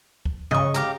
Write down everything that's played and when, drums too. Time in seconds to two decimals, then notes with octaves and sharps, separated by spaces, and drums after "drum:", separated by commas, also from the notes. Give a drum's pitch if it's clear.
0.26 drum: kick D2
0.51 C#3 D#5 C#6, drum: tom G2
0.74 G4 F5 A#5, drum: hi-hat